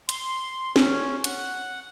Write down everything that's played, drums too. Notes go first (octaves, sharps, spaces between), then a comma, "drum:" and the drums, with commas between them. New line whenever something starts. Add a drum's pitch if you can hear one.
C6, drum: hi-hat
C#4, drum: snare
F#5, drum: hi-hat